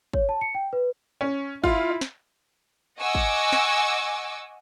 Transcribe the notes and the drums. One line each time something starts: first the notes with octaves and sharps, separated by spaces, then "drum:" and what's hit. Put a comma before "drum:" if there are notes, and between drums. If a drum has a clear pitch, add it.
C#5, drum: kick
A5
C#7
G5
B4
C#4
E4 F4, drum: kick
drum: snare
D#5 F#5 G#5 C#6 D6 E6
drum: kick
drum: snare